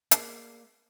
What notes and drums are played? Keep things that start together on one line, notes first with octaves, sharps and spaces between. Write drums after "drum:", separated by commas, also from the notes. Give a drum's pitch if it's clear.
A#3 G#4 D5 C7, drum: hi-hat